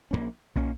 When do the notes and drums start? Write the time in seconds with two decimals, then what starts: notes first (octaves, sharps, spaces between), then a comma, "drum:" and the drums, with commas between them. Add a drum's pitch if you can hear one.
0.11 A#1 A#2 A#3 C#4
0.56 A#2 A#3 C#4, drum: kick